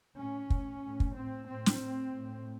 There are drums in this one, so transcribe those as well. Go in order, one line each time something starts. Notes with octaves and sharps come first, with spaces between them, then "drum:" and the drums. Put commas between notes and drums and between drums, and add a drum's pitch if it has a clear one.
A2 C#4
A2, drum: kick
A2
drum: kick
A2 C4
A2 C4
drum: snare
A2
A2